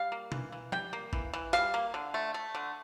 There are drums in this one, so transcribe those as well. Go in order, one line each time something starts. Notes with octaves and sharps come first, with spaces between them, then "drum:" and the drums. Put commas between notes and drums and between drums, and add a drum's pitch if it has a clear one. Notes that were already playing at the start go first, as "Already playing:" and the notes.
Already playing: G3 F5
A#3
E3, drum: tom B2
E3
G3 G5, drum: tom F3
A#3
E3, drum: kick G1
E3
G3 F5, drum: snare
A#3
D3
A3
A3
D3